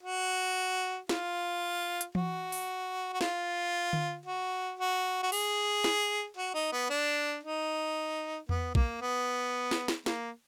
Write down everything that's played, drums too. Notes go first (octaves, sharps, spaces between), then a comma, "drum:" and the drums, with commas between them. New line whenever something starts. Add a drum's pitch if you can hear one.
F#4
F4, drum: snare
drum: hi-hat
F#4, drum: tom E3
drum: open hi-hat
F#4
F4, drum: snare
drum: tom D3
F#4
F#4
F#4
G#4, drum: open hi-hat
drum: snare
F#4
D#4
B3
D4
D#4
B3, drum: tom E2
A#3, drum: kick
B3
drum: snare
drum: snare
A#3, drum: snare